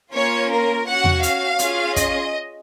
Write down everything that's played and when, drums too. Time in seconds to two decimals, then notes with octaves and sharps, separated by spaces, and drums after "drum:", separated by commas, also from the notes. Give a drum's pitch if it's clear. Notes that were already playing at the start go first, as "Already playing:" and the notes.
0.12 A#3 C#4 F4 C#5
0.49 A#4
0.85 C#4 F#4 F#5
1.04 drum: tom E2
1.23 F5, drum: hi-hat
1.59 C#4 F4 G#4, drum: hi-hat
1.96 D#5, drum: kick, hi-hat